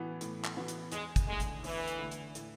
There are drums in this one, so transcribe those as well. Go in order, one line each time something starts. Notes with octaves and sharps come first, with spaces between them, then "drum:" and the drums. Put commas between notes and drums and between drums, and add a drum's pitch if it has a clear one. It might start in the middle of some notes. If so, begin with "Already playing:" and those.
Already playing: A2 E3 B3 F#4
A2, drum: hi-hat
drum: clap
E3 B3 F#4
drum: hi-hat
E2 G#3, drum: hi-hat
drum: kick, hi-hat
D3 G#3 A3
drum: hi-hat
E2 E3, drum: open hi-hat
drum: hi-hat
D3 A3
drum: hi-hat
A2, drum: hi-hat